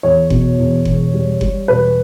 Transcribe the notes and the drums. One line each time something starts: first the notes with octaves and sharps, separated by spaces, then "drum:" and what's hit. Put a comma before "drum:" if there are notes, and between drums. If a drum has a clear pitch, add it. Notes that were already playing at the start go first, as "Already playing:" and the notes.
E2 C#5
B2, drum: kick F#1
E2
E1, drum: kick F#1
G3
G3, drum: kick F#1
E1 B4